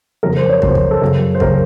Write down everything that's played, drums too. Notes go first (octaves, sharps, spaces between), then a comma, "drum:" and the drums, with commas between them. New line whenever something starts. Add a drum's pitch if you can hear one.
F2 C#3 F#3 A#4
C5
C#5
F2 C#3 F#3 C5, drum: kick
drum: kick
A4
F#2 C#3 F#3 A#4
C5
C#3 F#3 A#4, drum: kick